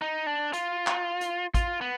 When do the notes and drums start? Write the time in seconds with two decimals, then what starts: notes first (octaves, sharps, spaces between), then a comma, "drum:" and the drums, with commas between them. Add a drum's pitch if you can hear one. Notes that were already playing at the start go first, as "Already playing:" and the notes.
0.02 D#4
0.27 D4
0.53 F4, drum: hi-hat
0.87 drum: clap
1.21 drum: hi-hat
1.54 F4, drum: kick, hi-hat
1.81 B3